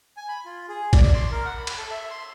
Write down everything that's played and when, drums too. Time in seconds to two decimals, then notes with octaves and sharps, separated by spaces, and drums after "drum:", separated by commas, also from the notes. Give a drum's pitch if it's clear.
0.17 G#5
0.28 B5
0.45 F4
0.68 G#4
0.93 D5, drum: kick A#1, cymbal
1.14 C6
1.31 A#4
1.45 F#5
1.57 B5
1.67 drum: cymbal
1.78 A4
1.90 E5
2.10 C6